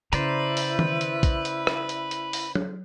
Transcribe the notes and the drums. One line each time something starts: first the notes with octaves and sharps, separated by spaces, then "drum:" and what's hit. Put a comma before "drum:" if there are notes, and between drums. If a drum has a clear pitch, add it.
C#3 E4 B4 C5 D5 A#5, drum: hi-hat
drum: open hi-hat
drum: tom D#3
drum: hi-hat
drum: kick, hi-hat
drum: hi-hat
drum: rim click
drum: hi-hat
drum: hi-hat
drum: open hi-hat
drum: tom F#3